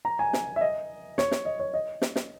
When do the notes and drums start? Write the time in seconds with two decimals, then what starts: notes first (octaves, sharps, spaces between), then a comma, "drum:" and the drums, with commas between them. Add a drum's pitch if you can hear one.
0.05 A#5
0.19 G#5
0.33 drum: snare
0.56 E5
0.61 D#5
1.18 C#5, drum: snare
1.31 drum: snare
1.45 D#5
1.59 C#5
1.74 D#5
2.02 drum: snare
2.16 drum: snare